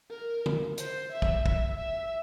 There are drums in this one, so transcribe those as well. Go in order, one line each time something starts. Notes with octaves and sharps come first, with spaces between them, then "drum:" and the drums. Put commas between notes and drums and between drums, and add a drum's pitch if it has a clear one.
A#4
drum: tom
C5, drum: hi-hat
E5
drum: kick
E5, drum: kick
E5